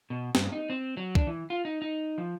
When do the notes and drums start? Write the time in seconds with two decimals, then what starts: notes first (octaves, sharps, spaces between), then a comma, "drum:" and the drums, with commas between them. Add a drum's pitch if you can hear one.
0.10 B2
0.35 G2, drum: snare
0.52 D#4
0.70 C4
0.97 F#3
1.15 D4, drum: kick
1.27 E3
1.50 F4
1.65 D#4
1.82 D#4
2.18 F3